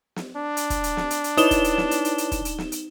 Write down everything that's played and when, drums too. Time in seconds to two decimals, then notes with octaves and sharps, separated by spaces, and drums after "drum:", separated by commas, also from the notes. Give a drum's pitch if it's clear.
0.16 drum: snare
0.36 D4
0.57 drum: hi-hat
0.70 drum: kick, hi-hat
0.84 drum: hi-hat
0.97 drum: snare
1.10 drum: hi-hat
1.24 drum: hi-hat
1.37 D#4 E4 B4 C#5 E7 G7, drum: hi-hat
1.51 drum: kick, hi-hat
1.64 drum: hi-hat
1.78 drum: snare
1.91 drum: hi-hat
2.05 drum: hi-hat
2.18 drum: hi-hat
2.32 drum: kick, hi-hat
2.45 drum: hi-hat
2.58 drum: snare
2.72 drum: hi-hat